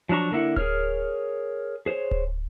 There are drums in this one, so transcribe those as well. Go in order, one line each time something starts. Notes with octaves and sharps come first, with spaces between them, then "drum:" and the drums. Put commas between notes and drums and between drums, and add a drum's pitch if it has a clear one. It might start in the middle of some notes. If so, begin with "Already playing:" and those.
F3 F#3 D4 A#5 C#6
D3 A#3 E4 F#5
G#4 A#4 C#5 F6, drum: kick D1
G#4 C5 C#5
drum: kick D1